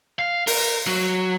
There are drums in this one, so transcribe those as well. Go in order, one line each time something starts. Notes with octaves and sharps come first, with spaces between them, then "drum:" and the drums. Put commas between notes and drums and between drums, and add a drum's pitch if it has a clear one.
F5
A#4, drum: open hi-hat
F#3